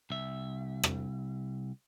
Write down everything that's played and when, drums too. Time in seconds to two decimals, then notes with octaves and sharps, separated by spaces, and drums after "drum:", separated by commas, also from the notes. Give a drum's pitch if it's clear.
0.10 C2 E5
0.83 drum: rim click